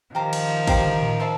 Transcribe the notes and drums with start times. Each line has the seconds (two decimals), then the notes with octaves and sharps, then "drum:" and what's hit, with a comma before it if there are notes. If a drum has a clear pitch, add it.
0.15 D#3 F3 G4 C5 F5 A#5
0.33 drum: cymbal
0.67 G4 C5 F5 A#5, drum: kick, cymbal
0.85 drum: tom
1.02 drum: tom A2
1.20 C5 E5 A5